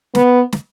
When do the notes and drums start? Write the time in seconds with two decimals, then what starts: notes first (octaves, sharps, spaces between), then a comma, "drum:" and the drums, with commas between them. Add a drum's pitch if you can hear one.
0.15 B3, drum: snare
0.53 drum: snare